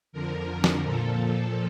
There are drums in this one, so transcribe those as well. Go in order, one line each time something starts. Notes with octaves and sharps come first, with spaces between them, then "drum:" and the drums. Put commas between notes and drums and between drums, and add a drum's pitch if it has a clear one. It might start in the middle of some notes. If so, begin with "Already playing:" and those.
F2 D3 F3 A#4
drum: snare
A#2 F3 A4